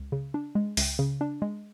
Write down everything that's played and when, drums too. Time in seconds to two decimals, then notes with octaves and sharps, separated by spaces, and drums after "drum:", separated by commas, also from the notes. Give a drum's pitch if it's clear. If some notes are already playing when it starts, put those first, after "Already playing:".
Already playing: C#2
0.12 C#3
0.34 D4
0.55 G#3
0.77 C#2, drum: open hi-hat
0.99 C#3
1.21 D4
1.42 G#3